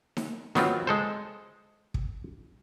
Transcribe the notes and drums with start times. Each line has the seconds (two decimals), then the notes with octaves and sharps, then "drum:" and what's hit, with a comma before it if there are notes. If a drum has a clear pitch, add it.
0.17 drum: snare D#4
0.55 D#3 F#3 B3 C4 F4, drum: snare D#4
0.87 G#3 A4 C5
1.94 drum: kick